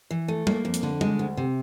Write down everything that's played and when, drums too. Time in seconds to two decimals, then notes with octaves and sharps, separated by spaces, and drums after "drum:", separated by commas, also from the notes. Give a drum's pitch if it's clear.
0.11 E3
0.28 A3
0.47 A#3, drum: tom G3
0.65 F2
0.74 drum: hi-hat
0.83 D3
1.01 G#3, drum: tom G3
1.19 D2
1.37 C3